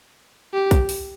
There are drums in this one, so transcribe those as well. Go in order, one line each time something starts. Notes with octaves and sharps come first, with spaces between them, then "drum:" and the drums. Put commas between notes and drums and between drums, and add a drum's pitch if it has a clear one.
G4
drum: kick, hi-hat
drum: open hi-hat